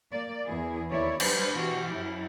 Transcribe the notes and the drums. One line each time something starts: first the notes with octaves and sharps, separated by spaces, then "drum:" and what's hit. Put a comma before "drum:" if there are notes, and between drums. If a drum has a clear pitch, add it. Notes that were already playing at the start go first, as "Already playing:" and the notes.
A#3 D5
E2 E4 G#4
D#2 E3 E4 C#5 D5
F#3 G3 D4 B4 C5, drum: cymbal
B2 E3 F#4 G4
F#2 F#3 E4